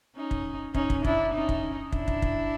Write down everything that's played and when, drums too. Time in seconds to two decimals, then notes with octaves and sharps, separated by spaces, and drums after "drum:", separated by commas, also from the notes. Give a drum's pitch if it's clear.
0.16 C#4 D#4
0.31 drum: kick
0.74 C#4 D#4, drum: kick
0.90 drum: kick
1.05 D4 E4, drum: kick
1.33 C#4 D#4
1.49 drum: kick
1.92 D4 E4, drum: kick
2.08 drum: kick
2.22 drum: kick